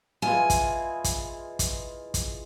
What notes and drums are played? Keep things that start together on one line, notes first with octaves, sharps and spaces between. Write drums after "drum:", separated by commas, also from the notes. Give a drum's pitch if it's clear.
E3 G#3 F4 G#5
drum: kick, hi-hat
drum: kick, hi-hat
drum: kick, hi-hat
drum: kick, hi-hat